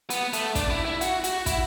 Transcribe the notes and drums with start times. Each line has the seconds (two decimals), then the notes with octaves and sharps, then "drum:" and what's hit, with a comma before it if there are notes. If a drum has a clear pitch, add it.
0.10 B3, drum: hi-hat
0.33 A3, drum: hi-hat
0.55 D4, drum: kick, hi-hat
0.70 E4
0.85 E4
1.01 F#4, drum: hi-hat
1.24 F#4, drum: hi-hat
1.46 E4, drum: kick, hi-hat